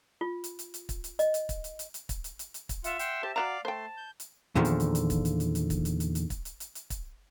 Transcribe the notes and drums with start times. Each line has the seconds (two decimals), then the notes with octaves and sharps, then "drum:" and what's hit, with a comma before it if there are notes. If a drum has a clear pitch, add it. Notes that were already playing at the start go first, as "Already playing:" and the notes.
0.21 F4
0.44 drum: hi-hat
0.59 drum: hi-hat
0.74 drum: hi-hat
0.89 drum: kick, hi-hat
1.04 drum: hi-hat
1.19 D#5, drum: hi-hat
1.34 drum: hi-hat
1.49 drum: kick, hi-hat
1.64 drum: hi-hat
1.79 drum: hi-hat
1.94 drum: hi-hat
2.09 drum: kick, hi-hat
2.24 drum: hi-hat
2.39 drum: hi-hat
2.54 drum: hi-hat
2.69 drum: kick, hi-hat
2.84 F4 E5 F#5, drum: hi-hat
2.99 F#5 G5 C6, drum: hi-hat
3.23 G4 C5 A5
3.36 F#4 D5 F5 F#5 A#5 D6
3.65 A3 C5 G5 A5 C6
3.97 G6
4.20 drum: hi-hat
4.55 E2 A#2 D3 D#3 F3
4.65 drum: hi-hat
4.80 drum: hi-hat
4.95 drum: hi-hat
5.10 drum: kick, hi-hat
5.25 drum: hi-hat
5.40 drum: hi-hat
5.55 drum: hi-hat
5.70 drum: kick, hi-hat
5.85 drum: hi-hat
6.00 drum: hi-hat
6.15 drum: hi-hat
6.30 drum: kick, hi-hat
6.45 drum: hi-hat
6.60 drum: hi-hat
6.75 drum: hi-hat
6.90 drum: kick, hi-hat